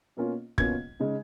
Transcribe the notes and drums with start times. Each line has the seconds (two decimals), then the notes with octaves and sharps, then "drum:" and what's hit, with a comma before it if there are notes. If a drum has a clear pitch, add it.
0.17 B2 A#3 C#4 F4
0.58 B2 A#3 C#4 F4 G#6, drum: kick
1.00 C#3 G#3 D#4